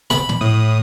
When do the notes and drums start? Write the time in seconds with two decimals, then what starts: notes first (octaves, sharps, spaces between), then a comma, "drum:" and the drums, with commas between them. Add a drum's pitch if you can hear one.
0.10 B5, drum: snare
0.29 drum: tom
0.41 A2 D#6